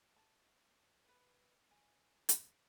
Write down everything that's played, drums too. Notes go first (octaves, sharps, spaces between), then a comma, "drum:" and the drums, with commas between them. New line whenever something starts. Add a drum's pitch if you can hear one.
A5
B4
G#5
drum: hi-hat